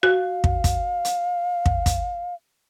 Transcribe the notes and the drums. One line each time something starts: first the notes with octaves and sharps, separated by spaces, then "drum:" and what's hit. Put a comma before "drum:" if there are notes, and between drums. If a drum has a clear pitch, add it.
F#4 F5
drum: kick
drum: kick, hi-hat
drum: hi-hat
drum: kick
drum: kick, hi-hat